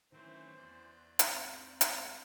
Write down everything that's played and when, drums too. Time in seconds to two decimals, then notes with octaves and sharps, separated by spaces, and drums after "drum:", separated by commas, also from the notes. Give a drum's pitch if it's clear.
0.12 D#3 E3 F#3 A3 C4 C#4 C5
0.57 E2 B3 D5 G6
1.19 G#2 C4 A#5 B5, drum: hi-hat
1.81 drum: hi-hat
1.92 G#2